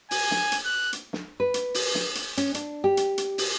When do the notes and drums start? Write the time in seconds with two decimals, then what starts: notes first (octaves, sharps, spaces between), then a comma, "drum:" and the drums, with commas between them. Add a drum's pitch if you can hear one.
0.11 G#5, drum: open hi-hat
0.31 drum: snare
0.52 drum: hi-hat
0.65 F#6
0.93 drum: hi-hat
1.13 drum: snare
1.40 B4
1.54 drum: hi-hat
1.74 drum: open hi-hat
1.95 drum: snare
2.15 drum: hi-hat
2.37 C#4, drum: hi-hat
2.54 D4, drum: hi-hat
2.84 G4
2.97 drum: hi-hat
3.18 drum: hi-hat
3.38 drum: open hi-hat